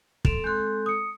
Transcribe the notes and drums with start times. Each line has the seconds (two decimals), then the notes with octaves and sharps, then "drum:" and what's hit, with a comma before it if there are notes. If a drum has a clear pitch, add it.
0.25 A4 C6 D7 E7 F7, drum: kick
0.44 G#3 C4 A4 C6 F#6 G6
0.86 D#6 C#7